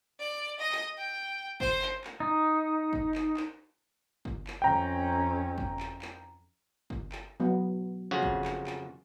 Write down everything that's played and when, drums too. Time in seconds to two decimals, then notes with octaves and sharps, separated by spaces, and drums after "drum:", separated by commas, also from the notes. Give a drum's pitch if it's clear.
0.20 D5
0.59 D#5
0.72 drum: clap
0.98 G5
1.60 C5, drum: kick G1
1.82 drum: clap
2.04 drum: clap
2.20 D#4
2.93 drum: kick G1
3.15 drum: clap
3.37 drum: clap
4.25 drum: kick G1
4.47 drum: clap
4.62 F2 C#4 G5 A#5
5.58 drum: kick G1
5.80 drum: clap
6.02 drum: clap
6.90 drum: kick G1
7.12 drum: clap
7.40 F#3 B3
8.11 F2 C#3 F#4
8.23 drum: kick G1
8.45 drum: clap
8.67 drum: clap